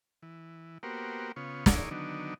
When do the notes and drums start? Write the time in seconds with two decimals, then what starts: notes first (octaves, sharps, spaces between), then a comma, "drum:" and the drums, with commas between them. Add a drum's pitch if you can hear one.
0.23 E3
0.83 A#3 B3 F#4 G4 A#4 C5
1.36 C#3 B3 F4 C#5
1.66 D#4 E4 G#4 A#4 C#5 D5, drum: snare
1.91 D3 D#3 F#3 B3 D4 D#4